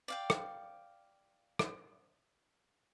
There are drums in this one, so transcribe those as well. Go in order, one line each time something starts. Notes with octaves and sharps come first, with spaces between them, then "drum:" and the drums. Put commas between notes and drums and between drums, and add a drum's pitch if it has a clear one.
D5 F5 G5
drum: rim click
drum: rim click